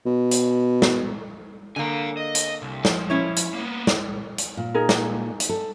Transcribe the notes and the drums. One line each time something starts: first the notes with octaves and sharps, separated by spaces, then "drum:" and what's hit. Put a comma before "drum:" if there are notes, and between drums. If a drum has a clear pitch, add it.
B2
drum: hi-hat
drum: snare
D3 A#3 F5 G#5
D#5
drum: hi-hat
C2
F3, drum: snare
C#4 E4 C#5
drum: hi-hat
A#3 B3
drum: snare
drum: hi-hat
A#2
D#4 G#4 A#4
drum: snare
drum: hi-hat
A4